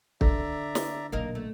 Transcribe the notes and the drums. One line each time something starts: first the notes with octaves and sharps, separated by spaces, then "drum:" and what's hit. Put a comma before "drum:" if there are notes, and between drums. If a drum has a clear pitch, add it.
D3 D5 E5 A#5, drum: kick
drum: snare
B1 A#2 A#3 D#4 A#4
A3